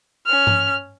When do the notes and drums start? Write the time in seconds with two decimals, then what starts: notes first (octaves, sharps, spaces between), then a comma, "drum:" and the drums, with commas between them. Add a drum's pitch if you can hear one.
0.26 C#4 F6
0.47 drum: tom G2